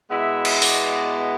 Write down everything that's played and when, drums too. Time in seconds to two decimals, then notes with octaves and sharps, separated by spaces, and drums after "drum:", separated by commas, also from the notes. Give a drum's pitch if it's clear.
0.10 B2 G#3 B3 E4 E5
0.45 drum: cymbal
0.62 D5, drum: open hi-hat